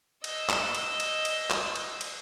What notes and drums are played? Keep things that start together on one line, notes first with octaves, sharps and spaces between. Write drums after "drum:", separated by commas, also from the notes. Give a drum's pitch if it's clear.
D#5 E6, drum: cymbal
drum: clap
drum: cymbal
drum: cymbal
drum: cymbal
drum: clap
drum: cymbal
drum: cymbal